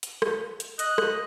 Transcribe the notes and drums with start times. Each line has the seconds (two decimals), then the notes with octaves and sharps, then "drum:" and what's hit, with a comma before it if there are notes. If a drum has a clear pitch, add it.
0.03 drum: hi-hat
0.22 drum: rim click
0.60 drum: hi-hat
0.79 D#5 F#6, drum: hi-hat
0.98 drum: rim click